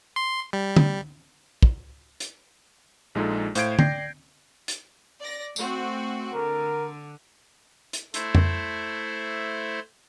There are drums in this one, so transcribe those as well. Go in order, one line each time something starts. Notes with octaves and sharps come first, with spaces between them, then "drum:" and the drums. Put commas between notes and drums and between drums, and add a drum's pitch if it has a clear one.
C6
G3
drum: tom D3
drum: kick
drum: hi-hat
A#1 G#3 D#4 F4 G#4 A4
A2 C5 F5 G6 G#6 D7, drum: hi-hat
D5 G5 G6 A#6 C7, drum: tom D3
drum: hi-hat
D5 A#6
A3 C4 F#4, drum: tambourine
D3 A#4
drum: hi-hat
A3 E4 C5, drum: hi-hat
drum: tom F2